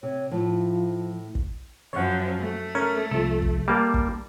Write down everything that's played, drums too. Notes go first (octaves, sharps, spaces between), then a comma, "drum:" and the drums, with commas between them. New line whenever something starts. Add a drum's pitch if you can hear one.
C3 C#5
A2 F3 A3
drum: kick
F#2 F3 C#5 F#5
A3
C#4 A#4
C2 F3 A4
drum: kick
G3 A#3 A5 D6
drum: kick